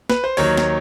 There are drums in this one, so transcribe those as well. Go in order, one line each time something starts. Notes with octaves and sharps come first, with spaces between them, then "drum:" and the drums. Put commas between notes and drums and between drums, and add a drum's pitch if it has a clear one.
B4, drum: snare
C5
D#2 D#3 F#3 C#5, drum: open hi-hat
drum: snare